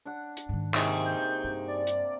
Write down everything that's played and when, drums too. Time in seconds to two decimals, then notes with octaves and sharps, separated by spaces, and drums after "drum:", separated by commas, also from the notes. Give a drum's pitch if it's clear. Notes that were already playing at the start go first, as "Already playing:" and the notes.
0.05 D4 F#5
0.37 drum: hi-hat
0.49 G#2 D#3
0.74 C3 A#3 D#4 G4 G#4, drum: clap
1.05 G6
1.44 G2 D4
1.67 D5
1.87 drum: hi-hat